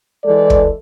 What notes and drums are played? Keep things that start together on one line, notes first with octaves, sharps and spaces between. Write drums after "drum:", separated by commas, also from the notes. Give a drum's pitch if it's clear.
E3 G#3 A4 D5
drum: kick